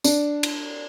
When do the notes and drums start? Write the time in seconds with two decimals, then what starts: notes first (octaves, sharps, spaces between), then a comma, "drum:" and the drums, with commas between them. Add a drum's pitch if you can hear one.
0.04 D4, drum: tambourine
0.43 drum: cymbal